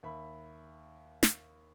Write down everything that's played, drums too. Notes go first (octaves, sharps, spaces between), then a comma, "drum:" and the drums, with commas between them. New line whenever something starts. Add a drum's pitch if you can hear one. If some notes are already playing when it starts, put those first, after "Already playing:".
D#2 E5 B5
drum: snare